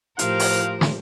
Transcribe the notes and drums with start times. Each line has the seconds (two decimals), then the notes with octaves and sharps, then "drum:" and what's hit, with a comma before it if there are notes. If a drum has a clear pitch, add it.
0.19 A2 F3 G4 A#4 C5 F5, drum: hi-hat
0.40 drum: open hi-hat
0.81 drum: snare